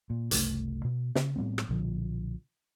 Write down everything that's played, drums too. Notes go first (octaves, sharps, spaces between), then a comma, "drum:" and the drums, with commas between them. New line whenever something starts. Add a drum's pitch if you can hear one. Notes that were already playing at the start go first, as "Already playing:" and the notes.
A#2
F#1 C2 A3, drum: hi-hat
B2
C#3, drum: snare
A2 G3 B3 C4
drum: rim click
B1 A#2 D3 F3